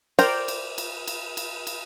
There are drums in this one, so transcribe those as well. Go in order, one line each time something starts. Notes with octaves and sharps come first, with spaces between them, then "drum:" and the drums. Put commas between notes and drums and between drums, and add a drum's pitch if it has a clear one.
A#4 C5 D5 G5 A#5, drum: cymbal
drum: cymbal
drum: cymbal
drum: cymbal
drum: cymbal
drum: cymbal